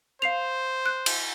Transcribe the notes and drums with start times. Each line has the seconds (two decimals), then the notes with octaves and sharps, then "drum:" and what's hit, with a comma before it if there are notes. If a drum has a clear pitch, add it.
0.22 C5 F5 C7 F7
0.86 F#6
1.06 drum: cymbal